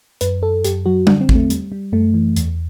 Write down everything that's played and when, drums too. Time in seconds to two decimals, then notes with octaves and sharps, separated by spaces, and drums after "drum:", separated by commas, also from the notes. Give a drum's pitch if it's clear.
0.21 F#2 B4, drum: hi-hat
0.42 F#2 A4
0.65 F#2 G4, drum: hi-hat
0.86 F#3 F#4
1.07 D3 D4, drum: tom G3
1.21 C4
1.29 E2, drum: kick A1
1.35 A3
1.50 G3, drum: hi-hat
1.72 G3
1.92 F#2 A3
2.14 E3
2.36 E2, drum: hi-hat